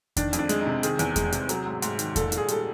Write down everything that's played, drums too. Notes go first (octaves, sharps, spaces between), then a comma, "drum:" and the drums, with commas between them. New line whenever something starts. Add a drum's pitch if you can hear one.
D#3 D4, drum: kick E2, hi-hat
F2, drum: hi-hat
D4
G#3, drum: hi-hat
D#4
C3
D#3 G#4, drum: hi-hat
E2, drum: hi-hat
G#3, drum: kick E2, hi-hat
C3, drum: hi-hat
F#3, drum: hi-hat
G#2
G#2, drum: hi-hat
D#3, drum: hi-hat
A#2 A4, drum: kick E2, hi-hat
A#2, drum: hi-hat
G#4
G3 A4, drum: hi-hat